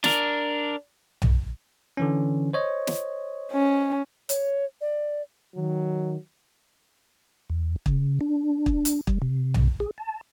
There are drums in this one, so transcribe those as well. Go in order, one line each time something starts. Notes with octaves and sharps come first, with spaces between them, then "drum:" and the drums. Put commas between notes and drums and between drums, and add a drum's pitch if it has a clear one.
D4 A#4, drum: snare
drum: tom B1
D3 E3 C#4
C5 C#5 D#5
drum: snare
C#4
C#5, drum: hi-hat
D5
D#3 F#3
E2
C#3, drum: kick
D4
drum: kick
drum: hi-hat
G3, drum: kick
C3
drum: tom B1
G#4
A5